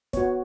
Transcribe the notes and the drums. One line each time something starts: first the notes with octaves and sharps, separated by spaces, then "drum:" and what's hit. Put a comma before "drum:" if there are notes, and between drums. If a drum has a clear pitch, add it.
B3 F#4 C#5, drum: kick, hi-hat